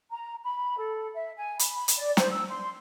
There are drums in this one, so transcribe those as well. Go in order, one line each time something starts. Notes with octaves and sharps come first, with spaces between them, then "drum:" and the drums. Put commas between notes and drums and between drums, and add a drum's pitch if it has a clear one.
A#5
B5
A4
E5
G#5
B5, drum: hi-hat
drum: hi-hat
D5
C5, drum: snare
E6
C6